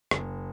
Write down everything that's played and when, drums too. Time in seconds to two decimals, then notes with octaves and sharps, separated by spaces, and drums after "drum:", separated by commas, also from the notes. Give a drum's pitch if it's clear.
0.11 F#1, drum: rim click